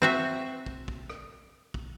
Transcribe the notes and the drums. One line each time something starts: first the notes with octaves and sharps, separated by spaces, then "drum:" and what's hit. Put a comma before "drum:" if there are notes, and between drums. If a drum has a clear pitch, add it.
C4 F#4 E5
drum: kick
drum: kick
drum: rim click
drum: kick